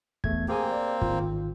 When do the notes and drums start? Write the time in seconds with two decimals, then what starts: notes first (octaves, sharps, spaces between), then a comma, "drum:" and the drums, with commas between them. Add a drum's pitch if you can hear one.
0.24 E2 A3 G#6, drum: kick
0.48 A#3 C4 G4 G#4 G#5
0.71 D5
1.02 G#1 F4, drum: kick